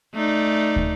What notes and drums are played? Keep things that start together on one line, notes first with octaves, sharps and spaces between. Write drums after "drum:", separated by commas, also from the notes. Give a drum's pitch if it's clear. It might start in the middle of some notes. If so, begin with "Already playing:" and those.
A3 D#4 D5
drum: kick